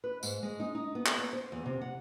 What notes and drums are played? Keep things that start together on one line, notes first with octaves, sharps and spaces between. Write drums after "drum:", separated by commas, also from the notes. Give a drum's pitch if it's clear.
B4
G#2, drum: tambourine
G#3
D#4
D#4
B3
drum: clap
B3
C5
E2
C3
F#5